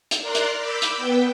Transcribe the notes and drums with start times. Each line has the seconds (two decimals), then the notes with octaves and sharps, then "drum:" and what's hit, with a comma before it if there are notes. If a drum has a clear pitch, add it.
0.11 drum: hi-hat
0.21 A#4 D5 A#5 C6 F#6
0.35 drum: hi-hat
0.58 B5 D6 E6 G6
0.82 drum: hi-hat
0.97 B3 B4 G5